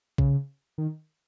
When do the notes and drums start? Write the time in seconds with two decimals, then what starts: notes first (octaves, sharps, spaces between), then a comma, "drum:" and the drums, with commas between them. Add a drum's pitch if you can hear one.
0.18 C#3, drum: kick A#1
0.78 D#3